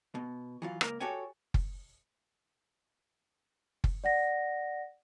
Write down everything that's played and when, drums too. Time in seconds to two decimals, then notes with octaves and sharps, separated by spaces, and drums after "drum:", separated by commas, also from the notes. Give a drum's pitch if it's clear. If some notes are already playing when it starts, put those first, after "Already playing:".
0.15 B2
0.62 E3 F#3 F4
0.81 C#2 A#3 A#4, drum: rim click
1.00 F#4 G4 A4 C#5 G5 G#5
1.54 drum: kick F#1
3.84 drum: kick F#1
4.04 D5 F#5 A#6